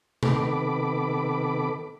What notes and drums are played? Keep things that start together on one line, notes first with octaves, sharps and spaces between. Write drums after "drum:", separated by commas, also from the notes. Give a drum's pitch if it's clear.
C3 D#3 B3 A4 B5 D6, drum: tom C3